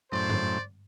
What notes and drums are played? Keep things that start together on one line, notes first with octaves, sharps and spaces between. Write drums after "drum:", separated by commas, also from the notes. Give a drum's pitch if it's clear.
F#2 A2 C5 D5
drum: tom G2